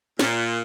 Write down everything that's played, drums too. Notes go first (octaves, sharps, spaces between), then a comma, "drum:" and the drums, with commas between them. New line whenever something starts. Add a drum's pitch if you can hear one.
A#2, drum: snare